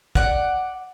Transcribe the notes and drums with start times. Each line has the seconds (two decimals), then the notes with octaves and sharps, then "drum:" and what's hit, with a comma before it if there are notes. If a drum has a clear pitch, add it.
0.15 D5 F#5, drum: kick